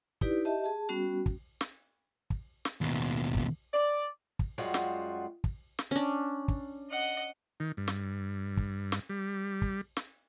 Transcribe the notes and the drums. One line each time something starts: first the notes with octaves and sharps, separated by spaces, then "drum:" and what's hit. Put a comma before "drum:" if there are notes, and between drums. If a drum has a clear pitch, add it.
D#4 E4 G4 B4 D5, drum: kick
G4 D#5 E5 A5
G#4 A5
G3 B3 C#4 F#4
drum: kick
drum: snare
drum: kick
drum: snare
D#2 B2
drum: kick
D5
drum: kick
F#2 G3 G#3 F4 F#4
drum: snare
drum: kick
drum: snare
C#4 D4
drum: kick
D#5 F#5
D#3
G2
drum: snare
drum: kick
drum: snare
G3
drum: kick
drum: snare